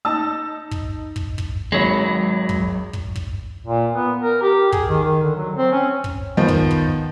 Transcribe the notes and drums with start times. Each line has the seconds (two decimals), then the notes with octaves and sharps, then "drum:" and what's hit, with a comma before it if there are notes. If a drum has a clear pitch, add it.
0.05 D#4 A5 E6
0.71 drum: kick
1.16 drum: kick
1.38 drum: kick
1.72 G#1 F#3 G#3 C#5 B5
2.49 drum: kick
2.93 drum: kick
3.16 drum: kick
3.65 A#2
3.94 B3
4.22 A#4
4.42 G4
4.72 G#4, drum: kick
4.89 D#3
5.03 D#3
5.23 D3
5.37 F#3
5.57 C4
5.72 C#4
6.04 drum: kick
6.37 D#3 F3 B3
6.48 drum: kick
6.71 drum: kick